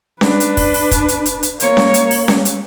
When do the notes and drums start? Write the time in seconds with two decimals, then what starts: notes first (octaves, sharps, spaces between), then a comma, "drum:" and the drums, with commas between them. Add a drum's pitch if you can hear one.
0.21 D4 B4, drum: snare C#4
0.40 drum: hi-hat
0.57 drum: kick, open hi-hat
0.74 drum: open hi-hat
0.91 drum: kick, hi-hat
1.08 drum: hi-hat
1.26 drum: hi-hat
1.43 drum: hi-hat
1.60 A#3 C#5, drum: hi-hat
1.77 drum: snare C#4
1.94 drum: hi-hat
2.11 drum: open hi-hat
2.28 drum: snare C#4
2.45 drum: hi-hat